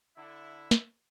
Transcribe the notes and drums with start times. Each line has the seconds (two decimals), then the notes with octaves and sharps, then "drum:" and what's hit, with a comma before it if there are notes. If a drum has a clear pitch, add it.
0.17 D3 E4 E5
0.71 drum: snare